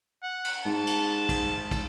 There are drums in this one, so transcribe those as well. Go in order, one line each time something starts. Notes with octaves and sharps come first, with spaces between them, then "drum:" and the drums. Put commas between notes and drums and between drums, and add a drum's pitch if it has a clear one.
F#5
drum: cymbal
G#2 A5
drum: cymbal
drum: kick, cymbal
drum: kick, cymbal